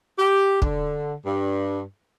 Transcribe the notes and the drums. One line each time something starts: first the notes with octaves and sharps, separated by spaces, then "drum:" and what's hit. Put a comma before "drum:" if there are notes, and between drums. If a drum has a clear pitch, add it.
G4
D3, drum: kick
G2